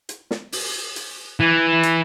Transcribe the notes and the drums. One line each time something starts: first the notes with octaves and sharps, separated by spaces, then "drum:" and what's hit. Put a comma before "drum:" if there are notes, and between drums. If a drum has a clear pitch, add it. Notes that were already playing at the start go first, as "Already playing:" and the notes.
drum: hi-hat
drum: snare
drum: open hi-hat
drum: hi-hat
E3
drum: hi-hat